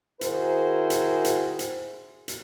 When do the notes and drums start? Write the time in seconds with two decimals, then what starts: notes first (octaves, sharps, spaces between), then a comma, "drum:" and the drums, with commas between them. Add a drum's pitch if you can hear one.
0.21 D#3 E4 F#4 G#4 A#4 C5, drum: hi-hat
0.90 drum: hi-hat
1.25 drum: hi-hat
1.59 drum: hi-hat
2.28 drum: hi-hat